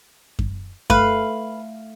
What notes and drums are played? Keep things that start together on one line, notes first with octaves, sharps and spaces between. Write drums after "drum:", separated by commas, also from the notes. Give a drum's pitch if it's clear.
drum: kick F#2
A3 B4 F5, drum: kick F#2